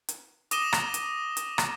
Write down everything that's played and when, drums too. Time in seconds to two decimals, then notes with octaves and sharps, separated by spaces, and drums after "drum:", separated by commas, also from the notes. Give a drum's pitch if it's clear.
0.09 drum: hi-hat
0.51 D6 D#6 A#6 D#7 E7 G7, drum: hi-hat
0.73 drum: rim click
0.94 drum: hi-hat
1.37 drum: hi-hat
1.58 drum: rim click